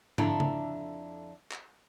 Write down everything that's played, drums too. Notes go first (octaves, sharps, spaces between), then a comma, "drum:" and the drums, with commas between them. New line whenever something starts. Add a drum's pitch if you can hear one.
F2 D3 D4 E4 A#5, drum: tom
drum: tom C#3
drum: clap